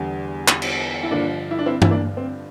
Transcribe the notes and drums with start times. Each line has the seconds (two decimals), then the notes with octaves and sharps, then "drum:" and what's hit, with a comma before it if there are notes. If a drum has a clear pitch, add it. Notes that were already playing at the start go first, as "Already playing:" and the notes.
Already playing: E2 D3 G3
0.48 drum: clap
0.62 drum: cymbal
1.03 E4
1.11 G2 D3 F3 A#3 D4
1.51 E4
1.59 D4
1.66 C4 E4
1.82 E4, drum: tom
1.90 A#3 D4
2.17 C4